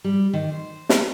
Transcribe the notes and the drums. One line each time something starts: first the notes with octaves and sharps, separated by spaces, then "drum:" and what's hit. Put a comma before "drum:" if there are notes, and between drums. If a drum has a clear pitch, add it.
G3
D#3
C5
drum: snare